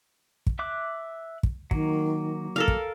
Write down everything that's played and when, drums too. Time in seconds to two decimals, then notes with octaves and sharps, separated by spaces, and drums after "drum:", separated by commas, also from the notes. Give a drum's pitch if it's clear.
0.47 drum: kick
0.59 E5 D6 F#6
1.43 drum: kick
1.71 D#3 F#3 A#3, drum: kick
2.56 A4 A#4 F5
2.68 drum: kick